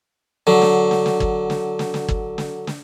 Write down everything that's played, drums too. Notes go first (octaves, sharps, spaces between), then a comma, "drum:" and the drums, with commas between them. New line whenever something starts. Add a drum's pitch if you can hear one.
D3 F#3
drum: snare
drum: snare
drum: snare
drum: kick
drum: snare
drum: snare
drum: snare
drum: kick
drum: snare
drum: snare